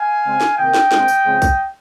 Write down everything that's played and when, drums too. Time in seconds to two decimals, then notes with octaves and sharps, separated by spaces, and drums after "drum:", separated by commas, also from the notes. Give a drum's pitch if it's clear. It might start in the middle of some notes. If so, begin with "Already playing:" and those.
Already playing: F5 G#5
0.24 C#3 G#3 C4
0.41 drum: snare
0.57 C3 D#3 A#3 D#5 G5
0.74 drum: snare
0.91 A#2 G#3 C4, drum: snare
1.08 drum: tambourine
1.25 C#3 F3 G#3 C4
1.42 drum: kick B1, tambourine